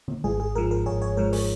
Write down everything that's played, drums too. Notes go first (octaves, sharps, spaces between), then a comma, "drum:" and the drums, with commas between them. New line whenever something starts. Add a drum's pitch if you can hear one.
drum: tom
G#1 G#4, drum: tom G#3
G#4
G#2 F3 A#4
A#4
G#1 G#4 C#5
G#4 C#5
G#2 F3 A#4
G#4 C#5, drum: open hi-hat